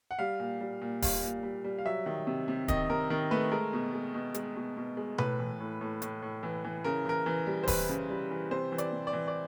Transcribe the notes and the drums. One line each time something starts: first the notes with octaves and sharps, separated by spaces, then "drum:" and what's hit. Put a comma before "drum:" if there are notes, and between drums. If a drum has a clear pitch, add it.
F#5
G3 F5
A#2
G3
A#2
G3 F5, drum: kick D1, open hi-hat
A#2
G3
G3
F5
F#3 E5
D#3
C3
C3
D#3 D#5, drum: kick D1, hi-hat
C3 A#4
D#3 A#4
A3 B4
G#3 A#4
B2
G#3
B2
G#3, drum: hi-hat
B2
B2
G#3
A2 B4, drum: tom B2
E3
A2
A2
A2, drum: hi-hat
A2
E3
E3
C#3 A#4
E3 A#4
E3
G3
C5
E3 B4, drum: kick D1, open hi-hat
C#3
G3
E3
C3 C5
E3
D5, drum: hi-hat
C3
D5
E3
D5